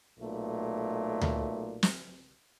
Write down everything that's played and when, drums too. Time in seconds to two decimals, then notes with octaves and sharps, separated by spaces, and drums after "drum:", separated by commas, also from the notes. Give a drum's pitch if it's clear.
0.20 B1 A#2 A3
1.21 drum: tom D2
1.83 drum: snare